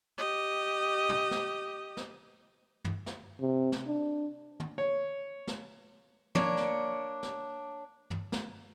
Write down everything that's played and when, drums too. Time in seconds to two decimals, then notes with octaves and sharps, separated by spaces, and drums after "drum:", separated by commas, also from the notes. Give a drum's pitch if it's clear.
0.18 G4 D#5
1.09 drum: tom
1.31 drum: snare
1.97 drum: snare
2.84 drum: tom
3.06 drum: snare
3.41 C3
3.72 drum: snare
3.87 D4
4.60 drum: tom
4.78 C#5
5.47 drum: snare
6.35 A#3 D4 C#5, drum: tom
6.57 drum: snare
7.23 drum: snare
8.10 drum: tom
8.32 drum: snare